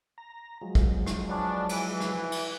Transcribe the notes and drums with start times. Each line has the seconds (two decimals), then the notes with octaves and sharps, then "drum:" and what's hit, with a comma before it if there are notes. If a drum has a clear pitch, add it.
0.18 A#5
0.61 F3 F#3 G#3
0.75 drum: kick
1.07 drum: rim click
1.28 B3 C#4 D4
1.69 E3, drum: cymbal
2.00 drum: rim click
2.32 drum: cymbal